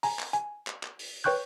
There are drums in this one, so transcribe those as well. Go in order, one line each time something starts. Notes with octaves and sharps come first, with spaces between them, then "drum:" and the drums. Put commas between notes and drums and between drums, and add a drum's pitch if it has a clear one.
G#5 A#5, drum: open hi-hat
drum: clap
G#5, drum: hi-hat
drum: clap
drum: clap
drum: open hi-hat
B4 C#5 G5 C#6 F#6 G6